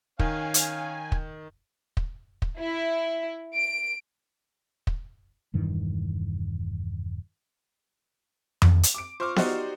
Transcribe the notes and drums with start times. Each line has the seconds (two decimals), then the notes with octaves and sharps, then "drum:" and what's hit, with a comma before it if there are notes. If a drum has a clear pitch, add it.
0.19 D#3 C#4 C#5 F5 G#5, drum: kick
0.54 drum: hi-hat
1.12 drum: kick
1.97 drum: kick
2.42 drum: kick
2.59 E4
3.56 D7
4.87 drum: kick
5.54 E1 G2 D#3 E3
8.62 drum: tom F2
8.83 drum: hi-hat
8.94 D6 D7
9.20 F4 C5 C#6 D6 F6
9.36 D#4 F#4 G4 C5 D5, drum: snare B3